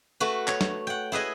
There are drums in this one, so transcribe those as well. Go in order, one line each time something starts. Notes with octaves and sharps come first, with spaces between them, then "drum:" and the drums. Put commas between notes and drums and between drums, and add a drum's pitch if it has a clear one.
A3 F#4 B4
C#5, drum: clap
drum: snare
F#5 G5
E4 G#4 B4 D#5